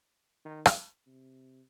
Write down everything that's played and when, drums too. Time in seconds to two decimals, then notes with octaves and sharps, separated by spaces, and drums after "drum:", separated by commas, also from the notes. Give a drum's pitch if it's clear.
0.45 D#3
0.66 drum: rim click
1.07 C3